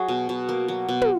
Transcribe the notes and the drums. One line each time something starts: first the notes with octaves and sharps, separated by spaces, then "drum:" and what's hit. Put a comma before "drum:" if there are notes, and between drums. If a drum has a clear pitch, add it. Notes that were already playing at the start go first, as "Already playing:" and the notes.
Already playing: F#3 F#4 G#4
B2
B2
A#3
F#3
B2
drum: tom